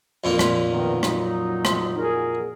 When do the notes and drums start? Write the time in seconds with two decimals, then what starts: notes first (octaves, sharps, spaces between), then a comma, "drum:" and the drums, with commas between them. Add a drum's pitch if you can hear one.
0.24 F2 A#2 A#3
0.39 drum: rim click
0.71 D2 B2 D#3
1.03 F#3 D#4, drum: rim click
1.65 drum: rim click
1.96 F#4 G#4 A#4